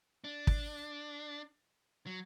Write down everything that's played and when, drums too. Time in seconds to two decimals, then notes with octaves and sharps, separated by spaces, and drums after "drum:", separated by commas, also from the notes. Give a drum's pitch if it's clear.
0.24 D4
0.47 drum: kick
2.06 F#3